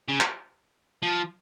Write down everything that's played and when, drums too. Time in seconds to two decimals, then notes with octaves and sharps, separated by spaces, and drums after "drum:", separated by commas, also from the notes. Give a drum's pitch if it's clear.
0.09 C#3
0.20 drum: clap
1.02 F3